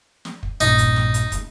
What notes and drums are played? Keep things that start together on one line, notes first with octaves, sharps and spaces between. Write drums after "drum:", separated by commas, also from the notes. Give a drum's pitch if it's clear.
drum: snare
drum: kick
A#1 G2 A#2 D#4, drum: hi-hat
drum: kick, hi-hat
drum: snare
drum: hi-hat
drum: kick, hi-hat